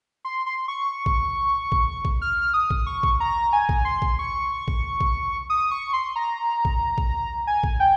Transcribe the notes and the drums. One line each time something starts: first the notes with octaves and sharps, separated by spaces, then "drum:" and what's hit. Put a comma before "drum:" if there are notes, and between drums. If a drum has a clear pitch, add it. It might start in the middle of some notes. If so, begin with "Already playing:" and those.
C6
C6
C#6
drum: kick
drum: kick
drum: kick
F6
D#6
drum: kick
C#6
drum: kick
A#5
G#5
drum: kick
C6
drum: kick
C#6
drum: kick
drum: kick
D#6
C#6
C6
A#5
drum: kick
drum: kick
G#5
drum: kick
G5